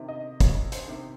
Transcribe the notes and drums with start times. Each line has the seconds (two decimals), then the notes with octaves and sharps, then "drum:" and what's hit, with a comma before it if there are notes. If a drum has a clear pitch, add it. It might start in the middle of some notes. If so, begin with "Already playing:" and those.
Already playing: C3 D#3
0.09 D#5
0.40 C2 C#5, drum: kick, hi-hat
0.72 C5, drum: hi-hat
0.88 C3 D#3